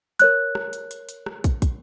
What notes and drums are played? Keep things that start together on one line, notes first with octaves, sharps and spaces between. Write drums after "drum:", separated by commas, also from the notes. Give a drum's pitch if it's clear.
A#4 C#5 F#6, drum: hi-hat
drum: rim click
drum: hi-hat
drum: hi-hat
drum: hi-hat
drum: rim click
drum: kick, hi-hat
drum: kick, hi-hat